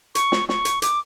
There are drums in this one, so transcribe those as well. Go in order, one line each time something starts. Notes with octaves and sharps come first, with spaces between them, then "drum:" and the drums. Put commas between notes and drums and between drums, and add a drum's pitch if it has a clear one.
C#6, drum: hi-hat
drum: snare
C#6, drum: snare
drum: hi-hat
D6, drum: hi-hat